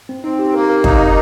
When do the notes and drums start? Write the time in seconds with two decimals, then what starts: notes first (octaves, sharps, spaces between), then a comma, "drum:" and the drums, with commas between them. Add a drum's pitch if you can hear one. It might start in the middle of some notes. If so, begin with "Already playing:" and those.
0.09 C4
0.24 C4 D#4
0.39 G4
0.54 A#3 A#4
0.69 A#4
0.84 D#4, drum: kick
1.00 A#4